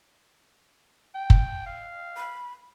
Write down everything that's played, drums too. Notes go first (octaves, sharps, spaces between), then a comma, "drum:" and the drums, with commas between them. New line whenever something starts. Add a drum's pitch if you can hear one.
G5
drum: kick
F5
B5